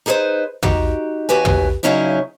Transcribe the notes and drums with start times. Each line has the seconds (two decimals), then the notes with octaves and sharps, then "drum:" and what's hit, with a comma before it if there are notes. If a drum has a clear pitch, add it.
0.06 D#4 G#4 A4 B4 C5
0.63 D#4 F#4 G4, drum: tom
1.29 D#2 F#4 G4 B4 G#5
1.45 drum: tom
1.83 G2 C#3 F#3 C#4 D#4 E4